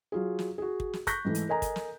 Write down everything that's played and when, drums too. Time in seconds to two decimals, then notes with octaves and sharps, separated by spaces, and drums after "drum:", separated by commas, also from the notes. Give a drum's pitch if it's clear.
0.12 F#3 F4 G#4
0.39 drum: snare
0.58 F#4 G#4
0.80 drum: kick
0.93 drum: snare
1.07 C#6 F#6 G6 A#6 B6, drum: kick, hi-hat
1.25 G#2 E3 A3
1.35 drum: hi-hat
1.48 A4 A#4 D#5 G#5 A#5
1.62 drum: kick, hi-hat
1.76 drum: snare